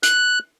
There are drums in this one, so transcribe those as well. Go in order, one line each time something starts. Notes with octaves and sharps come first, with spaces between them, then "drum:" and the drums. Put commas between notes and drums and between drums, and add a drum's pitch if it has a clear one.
F#6, drum: hi-hat